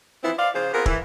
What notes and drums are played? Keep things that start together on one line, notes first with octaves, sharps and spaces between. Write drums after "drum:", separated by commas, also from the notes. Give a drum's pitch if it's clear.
E3 F3 B3 C4 E4
C5 D5 F5
C#3 F3 F4 G#4 C5
B3 C4 F4 G#4 A#4
E3, drum: kick